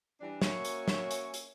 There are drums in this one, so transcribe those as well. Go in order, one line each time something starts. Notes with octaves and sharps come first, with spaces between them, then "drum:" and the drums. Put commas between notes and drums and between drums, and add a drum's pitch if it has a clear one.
E3 G3 D4
A#3 C#4 F#4 C#5 E5, drum: snare
drum: hi-hat
drum: snare
drum: hi-hat
drum: hi-hat